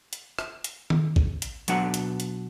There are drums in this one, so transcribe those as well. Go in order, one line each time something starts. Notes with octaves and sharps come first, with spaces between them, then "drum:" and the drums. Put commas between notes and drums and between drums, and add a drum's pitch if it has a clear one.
drum: hi-hat
drum: rim click
drum: hi-hat
drum: tom D#3
drum: kick A1
drum: hi-hat
B2 F#3 D4 B4 F#5, drum: hi-hat
drum: hi-hat
drum: hi-hat